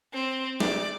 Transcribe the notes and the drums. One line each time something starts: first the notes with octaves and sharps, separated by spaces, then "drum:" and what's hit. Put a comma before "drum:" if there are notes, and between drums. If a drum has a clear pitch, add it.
C4
D5, drum: snare